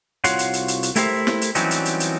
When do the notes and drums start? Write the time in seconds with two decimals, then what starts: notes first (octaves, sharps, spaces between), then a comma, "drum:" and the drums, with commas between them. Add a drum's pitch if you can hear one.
0.24 C2 F4 F#4 C#5 F#5 C6, drum: hi-hat
0.39 drum: hi-hat
0.54 drum: hi-hat
0.68 drum: hi-hat
0.83 drum: hi-hat
0.96 A3 E4 G4 A#4 C5 E5, drum: hi-hat
1.27 drum: snare
1.41 drum: hi-hat
1.55 E3 F#3 G3 C4 C#4 D#4, drum: hi-hat
1.71 drum: hi-hat
1.85 drum: hi-hat
2.00 drum: hi-hat